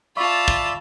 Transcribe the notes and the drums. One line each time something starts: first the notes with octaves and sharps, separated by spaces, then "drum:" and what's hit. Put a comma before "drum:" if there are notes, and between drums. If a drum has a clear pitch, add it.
F4 D5 E5 A5 B5 C#6
drum: kick